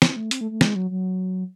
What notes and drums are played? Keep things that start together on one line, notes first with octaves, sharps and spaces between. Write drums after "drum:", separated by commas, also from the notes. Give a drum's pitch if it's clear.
C4, drum: snare
A3
C4, drum: hi-hat
A3
A3
G#3, drum: snare
F#3
F#3